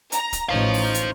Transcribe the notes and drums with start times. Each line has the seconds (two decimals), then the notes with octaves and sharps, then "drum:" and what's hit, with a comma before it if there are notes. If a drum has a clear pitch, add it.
0.12 A#5, drum: hi-hat
0.33 drum: kick, hi-hat
0.49 A1 D#4 C5 C#5 F5
0.74 drum: open hi-hat
0.94 drum: hi-hat